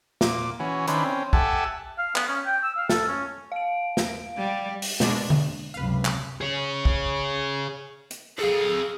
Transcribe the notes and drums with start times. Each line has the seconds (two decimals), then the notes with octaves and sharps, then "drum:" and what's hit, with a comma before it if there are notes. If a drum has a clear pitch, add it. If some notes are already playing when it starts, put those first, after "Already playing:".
0.21 A#2 D6, drum: snare
0.60 E3 C#4 F#4
0.88 D#3 C#4 D4 E4 B4 C5, drum: hi-hat
1.04 C4 C#4
1.33 G4 A4 E5 F#5 G#5 A5, drum: kick
1.98 F5
2.16 B3, drum: clap
2.28 C#4
2.46 G5
2.63 E6
2.77 F5
2.90 A4, drum: snare
3.08 C#4
3.52 F5 D7
3.97 drum: snare
4.37 G3
4.82 drum: open hi-hat
5.00 B2 G#3 D4, drum: snare
5.30 drum: tom D3
5.74 C#2 F#2 C3 B4 F5
6.05 drum: clap
6.41 G#4 C#5
6.85 drum: kick
8.11 drum: hi-hat
8.39 G#4 A4 F5